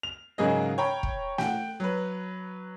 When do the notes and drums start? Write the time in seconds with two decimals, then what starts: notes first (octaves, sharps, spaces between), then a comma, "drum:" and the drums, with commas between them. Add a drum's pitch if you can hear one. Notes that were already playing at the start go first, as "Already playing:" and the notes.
0.03 F7
0.38 G#2 C#3 F#3 A#3 G#4 D#5
0.78 C#5 G5 A#5 B5
1.03 drum: kick
1.38 F#5 G5, drum: snare
1.80 F#3 B4